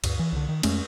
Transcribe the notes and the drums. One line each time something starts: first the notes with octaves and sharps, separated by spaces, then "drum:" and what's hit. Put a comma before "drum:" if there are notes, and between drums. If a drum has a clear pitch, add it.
D2 G2, drum: cymbal
E3
C2 D3
D#3
F2 G#3 A3 C#4, drum: cymbal